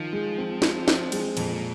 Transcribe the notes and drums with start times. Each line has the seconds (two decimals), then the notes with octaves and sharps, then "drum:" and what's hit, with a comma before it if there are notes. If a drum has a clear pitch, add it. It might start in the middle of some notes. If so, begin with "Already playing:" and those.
Already playing: D#3 F3
0.13 G#3
0.38 C4
0.62 C4, drum: snare
0.88 C4, drum: snare
1.12 G#3, drum: cymbal
1.37 F2 A#2, drum: cymbal